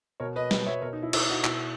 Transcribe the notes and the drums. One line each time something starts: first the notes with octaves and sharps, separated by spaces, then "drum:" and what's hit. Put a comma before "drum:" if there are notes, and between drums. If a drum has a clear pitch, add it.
B2 A#4 C#5
B4 D#5
B4 D#5, drum: snare
C#5 E5
B2 A#4 C#5
D#4
E4
E4, drum: cymbal
D#4 F#4
B2 E4, drum: clap